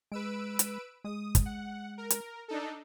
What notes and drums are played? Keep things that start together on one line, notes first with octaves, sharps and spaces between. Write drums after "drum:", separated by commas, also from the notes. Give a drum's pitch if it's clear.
G#3 B4 E6 D7
drum: hi-hat
G#3 D#6
drum: kick, hi-hat
F#5
A#4
drum: hi-hat
D4 D#4 A4